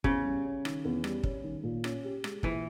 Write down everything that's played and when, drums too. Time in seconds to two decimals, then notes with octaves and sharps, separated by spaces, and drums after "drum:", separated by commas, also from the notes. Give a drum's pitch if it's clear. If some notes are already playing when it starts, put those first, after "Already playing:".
0.04 E2 C#3, drum: kick
0.25 G3
0.45 C#4
0.65 D#3, drum: rim click
0.85 E2
1.04 G3, drum: rim click
1.24 C#4, drum: kick
1.44 D#3
1.63 A#2
1.84 C#4, drum: rim click
2.04 G4
2.24 G#3, drum: rim click
2.43 A#2 E3, drum: kick